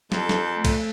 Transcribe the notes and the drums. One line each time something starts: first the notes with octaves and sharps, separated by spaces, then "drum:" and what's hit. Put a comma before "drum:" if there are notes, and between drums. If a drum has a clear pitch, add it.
F2 A4 A5 G6, drum: snare
drum: snare
A3
drum: kick, cymbal